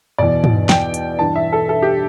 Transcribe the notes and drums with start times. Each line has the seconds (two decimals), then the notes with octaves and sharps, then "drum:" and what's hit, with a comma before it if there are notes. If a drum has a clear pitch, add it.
0.18 E2 B2 D5
0.44 drum: tom
0.69 G5, drum: snare
0.94 drum: hi-hat
1.19 G2 E3 A5
1.36 E5
1.52 A4
1.69 A4
1.82 G4